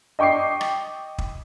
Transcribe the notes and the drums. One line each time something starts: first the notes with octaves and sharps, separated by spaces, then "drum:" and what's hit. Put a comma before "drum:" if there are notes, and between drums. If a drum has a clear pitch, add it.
D#5 G5 C#6 D6 C7
drum: rim click
drum: kick